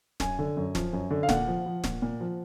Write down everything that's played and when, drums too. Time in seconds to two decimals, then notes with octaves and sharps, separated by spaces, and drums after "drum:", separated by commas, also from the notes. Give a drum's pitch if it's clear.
0.20 F#2 G#5, drum: snare
0.39 D3
0.57 F#2
0.75 F3, drum: snare
0.93 F#2
1.10 D3
1.23 F5
1.29 A#2 F#5, drum: snare
1.48 F3
1.66 F3
1.84 A#2, drum: snare
2.02 A#2
2.21 F3